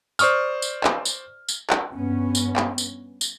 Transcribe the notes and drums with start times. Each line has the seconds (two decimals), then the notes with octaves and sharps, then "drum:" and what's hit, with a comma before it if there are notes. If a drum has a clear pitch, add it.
0.19 C5 D5 C#6 D#6 F6, drum: tambourine
0.62 drum: tambourine
0.84 drum: clap
1.05 drum: tambourine
1.49 drum: tambourine
1.70 drum: clap
1.95 G2 B3 C#4
2.35 drum: tambourine
2.56 drum: clap
2.78 drum: tambourine
3.21 drum: tambourine